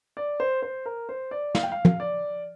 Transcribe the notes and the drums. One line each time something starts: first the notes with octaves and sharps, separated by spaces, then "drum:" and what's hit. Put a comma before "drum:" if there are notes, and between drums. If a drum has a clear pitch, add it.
D5
C5
C5
A#4
C5
D5
F5, drum: snare
G5
F5
drum: tom
D5